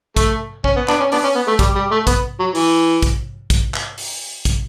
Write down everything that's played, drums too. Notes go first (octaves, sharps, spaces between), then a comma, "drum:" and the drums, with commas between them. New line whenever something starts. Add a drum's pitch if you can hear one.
A3, drum: kick, hi-hat
C#4, drum: kick
B3
B3 D4, drum: clap
C#4
B3 D4, drum: open hi-hat
C#4
B3
A3
G3, drum: kick, hi-hat
G3
A3
B3, drum: kick, hi-hat
F#3
E3, drum: open hi-hat
drum: kick, hi-hat
drum: kick, hi-hat
drum: clap
drum: open hi-hat
drum: kick, hi-hat